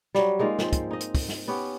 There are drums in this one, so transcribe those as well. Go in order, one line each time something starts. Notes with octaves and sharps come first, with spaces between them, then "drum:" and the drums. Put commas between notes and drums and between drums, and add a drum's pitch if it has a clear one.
F#3 G3, drum: snare
G#3 A#3 D#4 F4
F3 C4, drum: snare
drum: kick, hi-hat
D#4 D#5
drum: hi-hat
drum: kick, open hi-hat
drum: snare
B3 C#4 G4